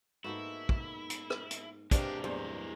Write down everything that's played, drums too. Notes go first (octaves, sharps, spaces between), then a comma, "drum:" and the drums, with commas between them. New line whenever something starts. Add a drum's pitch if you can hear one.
G#2 A#3 B3 D#4 E4 F#4 A4
drum: kick
drum: hi-hat
drum: rim click
drum: hi-hat
G2 C3 G#3 A#3 D4 G4 F5, drum: kick, hi-hat
E2 A2 F#3 C5